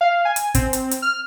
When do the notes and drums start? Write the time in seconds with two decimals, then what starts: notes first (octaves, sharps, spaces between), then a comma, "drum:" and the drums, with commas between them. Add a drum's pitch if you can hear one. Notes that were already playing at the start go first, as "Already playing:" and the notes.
0.01 F5
0.25 G#5
0.36 drum: hi-hat
0.54 C4, drum: kick, hi-hat
0.73 drum: hi-hat
0.91 drum: hi-hat
1.02 F6